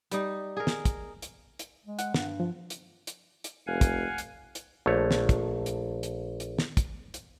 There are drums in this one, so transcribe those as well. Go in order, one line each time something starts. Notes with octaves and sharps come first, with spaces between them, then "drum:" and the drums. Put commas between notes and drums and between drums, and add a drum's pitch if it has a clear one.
G3 D#4, drum: hi-hat
G#4 A#4
drum: snare
drum: kick, hi-hat
drum: hi-hat
drum: hi-hat
G#3
F#5, drum: hi-hat
G2, drum: snare
F3
drum: hi-hat
drum: hi-hat
drum: hi-hat
F1 F5 F#5 G#5
drum: kick, hi-hat
drum: hi-hat
drum: hi-hat
A#1 A3 C#5
drum: snare
drum: kick, hi-hat
drum: hi-hat
drum: hi-hat
drum: hi-hat
drum: snare
drum: kick, hi-hat
drum: hi-hat